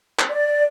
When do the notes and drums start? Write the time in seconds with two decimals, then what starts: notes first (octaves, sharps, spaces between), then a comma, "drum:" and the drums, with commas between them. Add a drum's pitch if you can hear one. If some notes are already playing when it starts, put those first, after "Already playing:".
0.19 drum: clap
0.31 D5